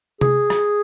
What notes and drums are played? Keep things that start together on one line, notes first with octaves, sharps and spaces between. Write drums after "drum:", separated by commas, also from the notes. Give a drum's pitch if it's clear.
G#4, drum: tom C3
drum: rim click